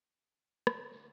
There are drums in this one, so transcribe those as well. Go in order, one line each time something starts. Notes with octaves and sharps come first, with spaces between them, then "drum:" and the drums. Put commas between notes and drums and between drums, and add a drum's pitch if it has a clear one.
C#5, drum: rim click
D2